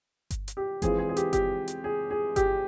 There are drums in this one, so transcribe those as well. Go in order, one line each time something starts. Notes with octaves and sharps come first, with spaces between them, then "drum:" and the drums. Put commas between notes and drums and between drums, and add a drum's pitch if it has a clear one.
drum: kick G1, hi-hat
drum: hi-hat
G4
E3 G#3 C4 F4 G#4, drum: kick G1, hi-hat
G#4
G#4
G4, drum: hi-hat
G4, drum: kick G1, hi-hat
drum: hi-hat
G#4
G#4
G4, drum: kick G1, hi-hat